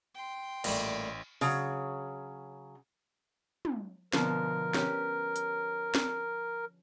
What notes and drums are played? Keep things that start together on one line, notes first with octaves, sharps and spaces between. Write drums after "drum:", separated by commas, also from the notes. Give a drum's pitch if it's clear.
G5 C6
A1 A#2 G3 A3, drum: cymbal
C#3 F#3, drum: open hi-hat
drum: tom
B2 D3 F3 A#4, drum: snare
C#4 G4 B4, drum: snare
drum: hi-hat
drum: snare